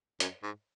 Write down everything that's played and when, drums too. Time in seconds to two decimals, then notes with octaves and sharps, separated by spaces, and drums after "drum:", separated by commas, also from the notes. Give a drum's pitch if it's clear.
0.20 F#2, drum: hi-hat
0.43 G#2